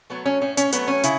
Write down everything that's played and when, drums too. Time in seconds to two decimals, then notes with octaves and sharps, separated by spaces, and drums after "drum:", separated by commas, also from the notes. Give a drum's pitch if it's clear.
0.10 F#3 A3 B3
0.26 C#4
0.41 A2 C#4
0.57 C#4, drum: hi-hat
0.72 F#3 A3 B3, drum: hi-hat
0.88 C#4
1.03 C#3 E4, drum: hi-hat